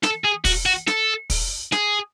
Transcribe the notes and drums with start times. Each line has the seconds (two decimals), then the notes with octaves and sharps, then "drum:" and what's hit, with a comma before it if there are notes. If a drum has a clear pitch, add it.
0.03 A4, drum: snare
0.24 G#4
0.45 F#4, drum: kick, open hi-hat
0.66 F#4
0.87 A4, drum: snare
1.30 drum: kick, open hi-hat
1.72 G#4, drum: snare